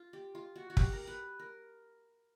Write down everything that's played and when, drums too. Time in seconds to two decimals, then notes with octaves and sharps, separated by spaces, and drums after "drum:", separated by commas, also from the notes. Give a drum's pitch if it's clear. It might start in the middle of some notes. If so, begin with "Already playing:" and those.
Already playing: F4
0.13 G4
0.35 F4
0.56 F#4
0.70 F#4
0.77 G4, drum: kick
0.93 A#4
1.07 B4
1.40 A#4